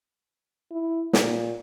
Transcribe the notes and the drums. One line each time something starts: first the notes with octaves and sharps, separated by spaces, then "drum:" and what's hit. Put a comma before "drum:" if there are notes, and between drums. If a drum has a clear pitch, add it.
E4
A#2, drum: snare